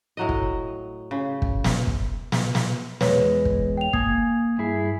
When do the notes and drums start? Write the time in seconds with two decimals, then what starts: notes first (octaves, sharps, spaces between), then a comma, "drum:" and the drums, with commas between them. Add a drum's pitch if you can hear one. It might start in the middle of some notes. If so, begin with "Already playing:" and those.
0.17 A2 F#3 D#5
0.29 drum: kick
1.11 C#3
1.42 drum: kick
1.64 drum: snare
1.87 drum: kick
2.32 drum: snare
2.55 drum: snare
3.01 E2 G#3 B4 C#5, drum: snare
3.45 drum: kick
3.77 G5 F7
3.93 A#3 G#5 D#6 G#6, drum: kick
4.58 G2 E4 G#4